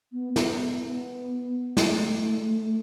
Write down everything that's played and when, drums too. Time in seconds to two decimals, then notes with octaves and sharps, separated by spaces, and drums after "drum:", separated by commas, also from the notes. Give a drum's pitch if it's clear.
0.13 B3
0.36 B3, drum: snare
0.83 B3
1.77 A3, drum: snare